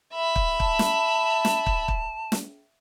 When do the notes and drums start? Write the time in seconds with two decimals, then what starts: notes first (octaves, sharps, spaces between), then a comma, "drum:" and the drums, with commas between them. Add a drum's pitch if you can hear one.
0.14 E5 B5
0.36 drum: kick
0.60 A5, drum: kick
0.79 drum: snare
1.45 drum: snare
1.66 drum: kick
1.88 drum: kick
2.32 drum: snare